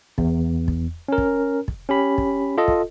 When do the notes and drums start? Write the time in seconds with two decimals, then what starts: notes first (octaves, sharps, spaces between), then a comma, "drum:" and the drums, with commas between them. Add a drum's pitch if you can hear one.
0.18 E2, drum: kick
0.68 drum: kick
1.08 C#4 A#4
1.18 drum: kick
1.68 drum: kick
1.89 C#4 G4 B5
2.18 drum: kick
2.58 F4 A4 D#5
2.68 drum: kick